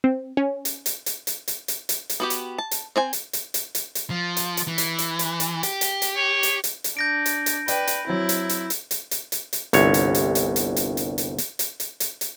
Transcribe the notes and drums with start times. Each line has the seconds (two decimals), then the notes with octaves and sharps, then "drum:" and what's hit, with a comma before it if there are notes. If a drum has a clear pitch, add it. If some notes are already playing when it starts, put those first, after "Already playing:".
0.04 C4
0.37 C#4
0.65 drum: hi-hat
0.86 drum: hi-hat
1.06 drum: hi-hat
1.27 drum: hi-hat
1.48 drum: hi-hat
1.68 drum: hi-hat
1.89 drum: hi-hat
2.10 drum: hi-hat
2.20 B3 F#4 G4
2.30 drum: hi-hat
2.58 A5
2.71 drum: hi-hat
2.96 C4 C5 G#5
3.13 drum: hi-hat
3.33 drum: hi-hat
3.54 drum: hi-hat
3.75 drum: hi-hat
3.95 drum: hi-hat
4.10 F3
4.37 drum: hi-hat
4.57 drum: hi-hat
4.68 E3
4.78 drum: hi-hat
4.98 drum: hi-hat
5.19 drum: hi-hat
5.40 drum: hi-hat
5.63 G4, drum: hi-hat
5.81 drum: hi-hat
6.02 drum: hi-hat
6.16 C#5
6.43 drum: hi-hat
6.64 drum: hi-hat
6.84 drum: hi-hat
6.97 D4 G6 A#6 D7
7.26 drum: hi-hat
7.46 drum: hi-hat
7.68 B4 D5 G5, drum: hi-hat
7.87 drum: hi-hat
8.07 F#3 C4 E4
8.29 drum: hi-hat
8.49 drum: hi-hat
8.70 drum: hi-hat
8.91 drum: hi-hat
9.11 drum: hi-hat
9.32 drum: hi-hat
9.53 drum: hi-hat
9.73 G1 C2 C#5, drum: hi-hat
9.94 drum: hi-hat
10.15 drum: hi-hat
10.35 drum: hi-hat
10.56 drum: hi-hat
10.76 drum: hi-hat
10.97 drum: hi-hat
11.18 drum: hi-hat
11.38 drum: hi-hat
11.59 drum: hi-hat
11.80 drum: hi-hat
12.00 drum: hi-hat
12.21 drum: hi-hat